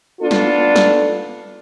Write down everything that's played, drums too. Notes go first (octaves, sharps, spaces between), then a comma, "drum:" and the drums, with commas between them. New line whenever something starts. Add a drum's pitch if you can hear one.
B3 D4 F4 A4
drum: snare
drum: snare